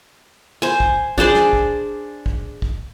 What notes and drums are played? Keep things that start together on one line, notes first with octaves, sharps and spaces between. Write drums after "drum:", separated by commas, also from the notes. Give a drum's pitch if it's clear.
C5 G#5
drum: kick
D4 G#4 C5 D5, drum: kick
drum: snare
drum: kick
drum: kick
drum: kick